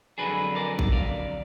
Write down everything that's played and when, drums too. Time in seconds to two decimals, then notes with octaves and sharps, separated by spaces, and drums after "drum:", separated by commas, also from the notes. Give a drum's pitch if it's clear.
0.18 F2 D3 F#3 D4 G#4 B4
0.55 A#4 D5
0.79 drum: kick
0.92 D5 F5